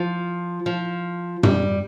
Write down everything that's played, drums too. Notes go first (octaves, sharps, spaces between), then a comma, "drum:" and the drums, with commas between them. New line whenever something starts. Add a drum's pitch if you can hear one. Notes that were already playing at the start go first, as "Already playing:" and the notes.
Already playing: F3
F3
G3, drum: tom